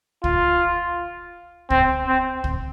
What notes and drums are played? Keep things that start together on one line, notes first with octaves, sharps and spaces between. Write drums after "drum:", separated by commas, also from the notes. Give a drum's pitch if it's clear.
F4, drum: kick
C4, drum: kick
C4
drum: kick